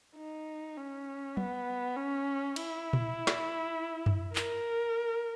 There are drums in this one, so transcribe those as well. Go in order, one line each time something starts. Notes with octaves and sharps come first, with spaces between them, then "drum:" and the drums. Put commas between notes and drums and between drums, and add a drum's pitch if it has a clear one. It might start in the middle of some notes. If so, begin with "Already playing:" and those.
D#4
C#4
B3, drum: tom F#3
C#4
E4, drum: cymbal
drum: tom A#2
drum: snare
drum: tom F#2
A#4, drum: clap